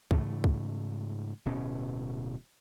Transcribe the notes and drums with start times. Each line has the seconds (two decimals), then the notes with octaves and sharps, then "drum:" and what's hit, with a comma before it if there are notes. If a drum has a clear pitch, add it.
0.11 G#2 C#3 E3 A3, drum: kick
0.44 drum: kick
1.45 D1 B2 C#4